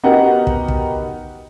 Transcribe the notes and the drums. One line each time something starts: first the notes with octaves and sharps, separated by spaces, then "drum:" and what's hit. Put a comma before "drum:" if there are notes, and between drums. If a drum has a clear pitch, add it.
B3 D#4 F#4 G4 A#4 F#5
drum: kick
drum: kick